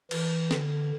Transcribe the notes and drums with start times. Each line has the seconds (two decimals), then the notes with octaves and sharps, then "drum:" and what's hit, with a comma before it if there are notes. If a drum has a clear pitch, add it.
0.11 E3, drum: cymbal
0.51 D3, drum: snare